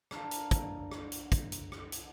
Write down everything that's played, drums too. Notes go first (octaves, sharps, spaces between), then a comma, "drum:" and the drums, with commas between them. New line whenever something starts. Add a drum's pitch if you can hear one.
D4 A#4 F5, drum: rim click
drum: hi-hat
drum: kick, hi-hat
drum: rim click
drum: hi-hat
drum: kick, hi-hat
drum: hi-hat
drum: rim click
drum: hi-hat